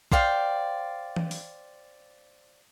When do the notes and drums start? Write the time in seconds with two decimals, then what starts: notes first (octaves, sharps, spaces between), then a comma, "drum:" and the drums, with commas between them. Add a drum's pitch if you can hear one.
0.12 C5 D5 F5 G5, drum: kick
1.16 drum: tom E3
1.31 drum: open hi-hat